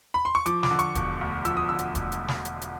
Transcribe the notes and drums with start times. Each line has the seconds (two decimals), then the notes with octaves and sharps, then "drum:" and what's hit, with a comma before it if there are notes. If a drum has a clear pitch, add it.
0.14 B5
0.25 C6
0.35 C#6
0.46 F3 D6, drum: hi-hat
0.63 D6, drum: snare
0.71 D3
0.79 C#6, drum: hi-hat
0.95 E1, drum: kick D#1, hi-hat
1.21 D2
1.45 F3 E6, drum: hi-hat
1.57 D#6
1.69 D3 E6
1.79 drum: hi-hat
1.95 E1, drum: kick D#1, hi-hat
2.12 drum: hi-hat
2.28 drum: snare
2.45 drum: hi-hat
2.61 drum: hi-hat